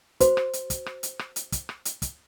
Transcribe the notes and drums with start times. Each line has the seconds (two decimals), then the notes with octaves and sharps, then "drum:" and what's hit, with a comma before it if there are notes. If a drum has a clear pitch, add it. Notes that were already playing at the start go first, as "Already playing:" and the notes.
0.20 F#4 C5, drum: kick, hi-hat
0.37 drum: rim click
0.53 drum: hi-hat
0.70 drum: kick, hi-hat
0.86 drum: rim click
1.03 drum: hi-hat
1.19 drum: rim click
1.36 drum: hi-hat
1.52 drum: kick, hi-hat
1.69 drum: rim click
1.85 drum: hi-hat
2.02 drum: kick, hi-hat